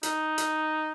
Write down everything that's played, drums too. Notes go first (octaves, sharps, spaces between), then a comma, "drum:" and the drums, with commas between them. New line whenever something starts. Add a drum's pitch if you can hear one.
D#4, drum: hi-hat
drum: hi-hat